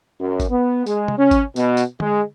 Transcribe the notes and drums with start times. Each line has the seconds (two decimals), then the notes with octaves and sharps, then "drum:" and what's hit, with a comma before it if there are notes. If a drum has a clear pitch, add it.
0.20 F#2
0.40 drum: kick G#1, tambourine
0.50 B3
0.86 G#3, drum: tambourine
1.08 drum: tom C3
1.18 C#4
1.31 drum: kick G#1, tambourine
1.56 B2, drum: tambourine
1.77 drum: tambourine
2.00 G#3, drum: tom